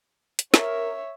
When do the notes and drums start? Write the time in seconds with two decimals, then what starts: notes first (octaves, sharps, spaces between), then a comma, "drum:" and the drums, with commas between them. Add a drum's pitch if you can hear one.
0.39 drum: hi-hat
0.54 A#4 C#5 E5, drum: snare